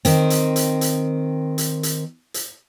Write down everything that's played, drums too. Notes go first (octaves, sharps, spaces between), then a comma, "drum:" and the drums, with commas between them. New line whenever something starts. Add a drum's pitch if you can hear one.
D#3 C4, drum: hi-hat
drum: hi-hat
drum: hi-hat
drum: hi-hat
drum: hi-hat
drum: hi-hat
drum: hi-hat